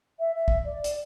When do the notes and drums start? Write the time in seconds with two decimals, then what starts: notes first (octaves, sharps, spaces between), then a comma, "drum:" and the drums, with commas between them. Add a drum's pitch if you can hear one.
0.19 E5
0.35 E5
0.48 drum: kick
0.65 D5
0.84 drum: hi-hat